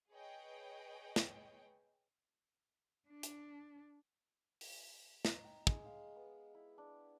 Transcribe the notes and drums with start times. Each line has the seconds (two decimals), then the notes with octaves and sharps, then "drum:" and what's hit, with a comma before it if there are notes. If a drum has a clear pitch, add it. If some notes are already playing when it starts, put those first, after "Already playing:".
0.11 G#4 B4 C#5 D#5 G5
1.16 drum: snare
3.09 D4
3.23 drum: hi-hat
4.61 drum: open hi-hat
5.25 D#4, drum: snare
5.44 G5
5.67 G#3, drum: kick
5.86 F5
6.16 B3
6.54 E4
6.78 D4